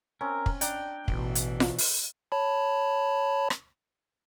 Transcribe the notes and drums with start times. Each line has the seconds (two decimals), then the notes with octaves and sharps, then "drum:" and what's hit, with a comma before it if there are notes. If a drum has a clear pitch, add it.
0.21 C4 C#4 A#4
0.46 drum: kick
0.61 D4 G5 A#5, drum: hi-hat
1.08 A1 B2 E3, drum: kick
1.35 drum: hi-hat
1.60 drum: snare F4
1.78 drum: open hi-hat
2.32 C#5 A5 B5
3.50 drum: rim click